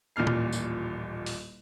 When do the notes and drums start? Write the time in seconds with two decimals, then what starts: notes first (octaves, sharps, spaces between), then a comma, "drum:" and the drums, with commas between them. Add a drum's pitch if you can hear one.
0.16 D#1 A1 A#2 F6 C7
0.27 drum: tom A#2
0.52 drum: tambourine
1.26 drum: open hi-hat